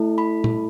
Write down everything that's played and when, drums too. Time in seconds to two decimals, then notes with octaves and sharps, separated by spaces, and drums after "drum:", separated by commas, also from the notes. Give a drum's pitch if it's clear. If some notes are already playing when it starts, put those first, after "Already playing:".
Already playing: A3 E4 A4
0.18 B5
0.44 drum: tom A#2